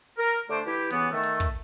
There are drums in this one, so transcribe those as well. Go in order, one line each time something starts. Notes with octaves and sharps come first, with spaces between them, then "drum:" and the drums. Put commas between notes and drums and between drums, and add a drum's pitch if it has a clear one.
A#4
D3 A3 D4 C5 D6
E3 E4 G4
C#3 E3 B3, drum: hi-hat
D#3 A3
drum: hi-hat
drum: kick, hi-hat